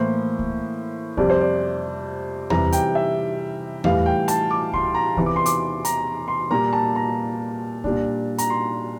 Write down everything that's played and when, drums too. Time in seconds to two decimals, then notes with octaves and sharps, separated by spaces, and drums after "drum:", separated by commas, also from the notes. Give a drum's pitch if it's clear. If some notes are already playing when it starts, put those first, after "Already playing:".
Already playing: A2 E3 A#3 C5
0.39 drum: kick C2
1.17 F2 C3 G3 D5, drum: kick C2
1.30 C5
1.41 D5
2.50 C3 E3 G3 A#5, drum: tom E2
2.72 G5, drum: hi-hat
2.95 E5
3.84 A2 E3 G3 F5, drum: tom E2
4.06 G5
4.28 A5, drum: hi-hat
4.51 D6
4.74 C6, drum: kick C2
4.95 A#5
5.17 E2 C3 E3, drum: kick C2
5.26 D6
5.36 C6
5.46 D6, drum: hi-hat
5.85 A#5, drum: hi-hat
6.28 C6
6.51 A#2 G3 A#3 A#5
6.73 A5
6.96 A#5
7.84 A#2 G3 D4, drum: kick C2
8.38 A#5, drum: hi-hat
8.50 C6